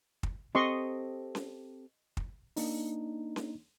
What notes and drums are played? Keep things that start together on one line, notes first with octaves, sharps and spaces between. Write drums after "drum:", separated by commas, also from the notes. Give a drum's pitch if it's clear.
drum: kick
C4 G4 A4 D#5 C6 C#6
drum: snare C#4
drum: kick
A#3 D4 D#4, drum: open hi-hat
drum: snare C#4